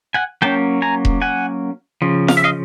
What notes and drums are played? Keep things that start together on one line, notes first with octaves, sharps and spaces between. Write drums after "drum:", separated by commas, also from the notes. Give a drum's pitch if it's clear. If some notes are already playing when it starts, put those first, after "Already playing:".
F#5 G#5
F#3 A#3 C#4 G5 A5
G#5 A#5
drum: kick E1
F#5 G#5
C#3 F3
F5, drum: snare
E5
D#5 F5